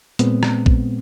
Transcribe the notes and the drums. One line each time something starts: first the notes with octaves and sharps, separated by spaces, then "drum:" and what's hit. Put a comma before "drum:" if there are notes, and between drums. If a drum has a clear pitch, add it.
A#2 G#3 B3 C4, drum: hi-hat
drum: rim click
drum: kick A#1